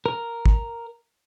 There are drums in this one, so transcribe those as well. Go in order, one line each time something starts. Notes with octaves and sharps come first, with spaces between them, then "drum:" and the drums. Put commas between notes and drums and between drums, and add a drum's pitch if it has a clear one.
A#4
drum: kick